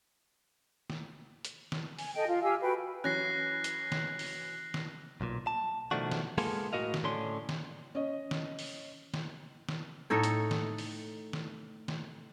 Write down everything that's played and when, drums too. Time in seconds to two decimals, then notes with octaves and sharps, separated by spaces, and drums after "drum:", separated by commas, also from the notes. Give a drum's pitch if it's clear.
0.90 drum: snare
1.45 drum: hi-hat
1.72 drum: snare
1.99 G#5, drum: open hi-hat
2.14 A4 D#5 G5
2.27 F4
2.42 G4 F5 G#5 E6
2.62 F#4 A4 B4 G5
3.04 E3 F#3 C#4 F#6 A#6 C7
3.64 drum: hi-hat
3.92 drum: snare
4.19 drum: open hi-hat
4.74 drum: snare
5.21 B1 A#2
5.47 A5
5.91 B2 D#3 F3 A3 D4 F#4
6.11 drum: snare
6.38 G#3 A#3 B3 F4 G#4 A4, drum: open hi-hat
6.73 A2 F#4 A#4 D#5 F5
6.94 drum: snare
7.03 A2 D3 C#4 D4 C6
7.49 drum: snare
7.95 C#4 D#5
8.31 drum: snare
8.59 drum: open hi-hat
9.14 drum: snare
9.69 drum: snare
10.10 A2 D#4 A4 C#5
10.23 drum: hi-hat
10.51 drum: snare
10.78 drum: open hi-hat
11.33 drum: snare
11.88 drum: snare